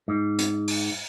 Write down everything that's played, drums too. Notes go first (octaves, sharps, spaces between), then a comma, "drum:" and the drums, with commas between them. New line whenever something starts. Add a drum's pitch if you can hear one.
G#2
drum: hi-hat
drum: open hi-hat